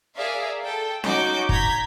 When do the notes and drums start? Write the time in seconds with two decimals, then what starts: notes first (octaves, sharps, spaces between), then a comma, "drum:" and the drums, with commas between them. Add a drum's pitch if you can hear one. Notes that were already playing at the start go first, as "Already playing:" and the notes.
0.15 G#4 A#4 D5 E5 F5
0.64 A4 G5
1.04 C#4 D#4 F#4 D6 G6, drum: snare C#4
1.49 A#5 G6 G#6 B6, drum: kick